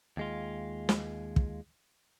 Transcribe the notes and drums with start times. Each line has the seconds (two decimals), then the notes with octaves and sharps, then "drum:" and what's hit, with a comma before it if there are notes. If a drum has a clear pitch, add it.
0.17 D#2 G#3 F4
0.89 drum: snare
1.36 drum: kick